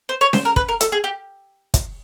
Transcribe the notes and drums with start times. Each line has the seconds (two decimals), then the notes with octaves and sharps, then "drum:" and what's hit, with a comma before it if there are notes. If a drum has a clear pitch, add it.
0.09 C5
0.21 C#5
0.33 C5, drum: snare C#4
0.45 A#4
0.56 B4, drum: kick
0.69 A#4
0.81 A4, drum: hi-hat
0.92 G#4
1.04 G4
1.74 drum: kick, hi-hat